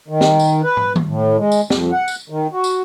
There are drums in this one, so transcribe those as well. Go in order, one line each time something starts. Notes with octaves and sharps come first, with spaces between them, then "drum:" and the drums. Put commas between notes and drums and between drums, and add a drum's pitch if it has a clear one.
D#3
drum: snare
drum: tambourine
B4
drum: tom
drum: tom D#3
A2
G#3
drum: tambourine
F2, drum: snare
F#5
drum: tambourine
D#3
F#4
drum: tambourine